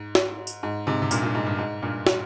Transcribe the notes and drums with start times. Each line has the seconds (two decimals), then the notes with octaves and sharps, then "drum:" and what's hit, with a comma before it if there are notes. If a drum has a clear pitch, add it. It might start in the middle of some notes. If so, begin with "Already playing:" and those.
Already playing: G#2
0.15 drum: snare
0.47 drum: tambourine
0.63 G#2
0.87 G#2 C3
1.02 C3
1.11 G2 A#2, drum: tambourine
1.23 G2 A#2
1.35 G#2
1.46 G2
1.58 G#2
1.82 G2 A#2
2.07 drum: snare